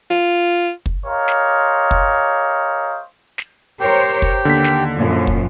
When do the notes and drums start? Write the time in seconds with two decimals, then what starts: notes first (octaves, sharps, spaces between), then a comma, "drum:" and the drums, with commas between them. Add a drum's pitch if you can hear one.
0.10 F4
0.86 drum: kick
1.06 G4 A#4 C5 C#5 D#5 F5
1.28 drum: snare
1.91 drum: kick
3.38 drum: snare
3.80 G4 A#4 C5 C#5 G5
4.22 drum: kick
4.45 D#2 D3 A#3 B6
4.64 drum: snare
4.99 F#2 A#2 F3
5.27 drum: kick